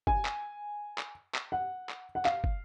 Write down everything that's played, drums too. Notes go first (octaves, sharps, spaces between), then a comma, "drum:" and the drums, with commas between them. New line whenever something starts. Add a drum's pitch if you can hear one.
G#5, drum: kick
drum: clap
drum: clap
drum: clap
F#5
drum: clap
F#5
F5, drum: clap
drum: kick